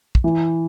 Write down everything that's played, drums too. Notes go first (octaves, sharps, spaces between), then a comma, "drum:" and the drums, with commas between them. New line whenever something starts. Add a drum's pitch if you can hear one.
drum: kick
E3